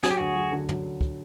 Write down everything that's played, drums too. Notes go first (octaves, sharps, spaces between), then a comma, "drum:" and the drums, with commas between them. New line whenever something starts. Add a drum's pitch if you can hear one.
F#3 G#4, drum: snare
G4
D2 F#4 G#4
F#3
D3
F#3, drum: tom
drum: kick